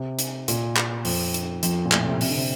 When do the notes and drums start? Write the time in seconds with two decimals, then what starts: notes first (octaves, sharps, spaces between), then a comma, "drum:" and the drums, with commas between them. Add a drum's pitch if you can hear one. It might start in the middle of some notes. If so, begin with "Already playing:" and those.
Already playing: C3
0.19 drum: hi-hat
0.48 A#2, drum: hi-hat
0.76 drum: clap
1.05 F2, drum: open hi-hat
1.34 drum: hi-hat
1.63 F2, drum: hi-hat
1.85 A#2
1.92 A2, drum: clap
2.07 C3
2.21 C3, drum: open hi-hat
2.30 D3
2.37 C3